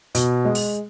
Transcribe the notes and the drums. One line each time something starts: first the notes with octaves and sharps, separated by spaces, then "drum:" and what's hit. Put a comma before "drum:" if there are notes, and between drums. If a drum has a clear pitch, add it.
B2, drum: hi-hat
G#3
drum: open hi-hat